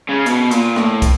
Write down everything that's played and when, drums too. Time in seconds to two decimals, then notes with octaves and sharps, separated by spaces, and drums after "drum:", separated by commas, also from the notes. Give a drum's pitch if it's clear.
0.09 C#3
0.26 B2, drum: hi-hat
0.51 A#2, drum: hi-hat
0.76 A2, drum: rim click
1.02 drum: kick, hi-hat